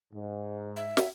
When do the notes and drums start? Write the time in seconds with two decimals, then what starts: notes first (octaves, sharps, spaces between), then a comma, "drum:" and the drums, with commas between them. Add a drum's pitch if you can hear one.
0.13 G#2
0.76 E5
0.97 drum: snare